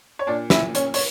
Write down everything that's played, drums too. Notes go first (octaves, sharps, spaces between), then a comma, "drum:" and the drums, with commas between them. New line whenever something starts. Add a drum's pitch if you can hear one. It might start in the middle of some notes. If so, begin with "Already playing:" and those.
C#5
A#2 D4 D5
A#2 E4 E5, drum: snare
A#2 C#4 C#5, drum: hi-hat
C#5, drum: open hi-hat